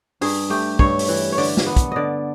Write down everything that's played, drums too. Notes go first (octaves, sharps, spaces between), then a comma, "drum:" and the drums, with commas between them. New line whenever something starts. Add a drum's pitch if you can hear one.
G2 G#4, drum: open hi-hat
A3 G4
G2 C#5, drum: kick
drum: open hi-hat
E3
C#5
D3 D5, drum: open hi-hat
drum: snare
B3
drum: kick, hi-hat
D3 D5 D#5